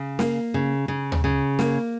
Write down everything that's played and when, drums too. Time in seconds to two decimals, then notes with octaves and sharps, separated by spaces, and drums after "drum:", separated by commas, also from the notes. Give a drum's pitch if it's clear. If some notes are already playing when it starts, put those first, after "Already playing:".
Already playing: C#3
0.19 A#3, drum: snare
0.54 C#3
0.88 C#3
1.12 drum: tom
1.24 C#3
1.59 A#3, drum: snare